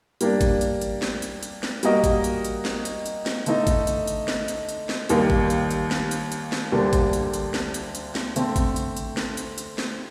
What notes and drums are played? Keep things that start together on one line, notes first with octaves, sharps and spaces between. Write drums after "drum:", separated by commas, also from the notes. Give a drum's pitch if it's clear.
G3 A#3 D4, drum: hi-hat
drum: kick G#1, hi-hat
drum: hi-hat
drum: hi-hat
drum: snare
drum: hi-hat
drum: hi-hat
drum: snare
G3 A#3 F#4 A#4 D#5, drum: hi-hat
drum: kick G#1, hi-hat
drum: hi-hat
drum: hi-hat
drum: snare
drum: hi-hat
drum: hi-hat
drum: snare
D3 A3 D#4, drum: hi-hat
drum: kick G#1, hi-hat
drum: hi-hat
drum: hi-hat
drum: snare
drum: hi-hat
drum: hi-hat
drum: snare
D#2 D#3 G3 A#3, drum: hi-hat
drum: kick G#1
drum: hi-hat
drum: hi-hat
drum: snare
drum: hi-hat
drum: hi-hat
drum: snare
D2 D3 G3 A#3 D4
drum: kick G#1, hi-hat
drum: hi-hat
drum: hi-hat
drum: snare
drum: hi-hat
drum: hi-hat
drum: snare
D3 A3 C4, drum: hi-hat
drum: kick G#1, hi-hat
drum: hi-hat
drum: hi-hat
drum: snare
drum: hi-hat
drum: hi-hat
drum: snare